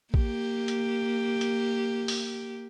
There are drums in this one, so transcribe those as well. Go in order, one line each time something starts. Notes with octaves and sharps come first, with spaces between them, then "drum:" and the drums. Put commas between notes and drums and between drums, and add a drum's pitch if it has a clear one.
A#3 G4, drum: kick A1
drum: hi-hat
drum: hi-hat
drum: open hi-hat